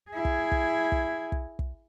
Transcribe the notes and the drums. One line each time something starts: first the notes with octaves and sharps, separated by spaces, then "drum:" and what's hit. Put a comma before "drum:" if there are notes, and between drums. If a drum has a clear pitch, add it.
E4 G#4
drum: kick
drum: kick
drum: kick
drum: kick
drum: kick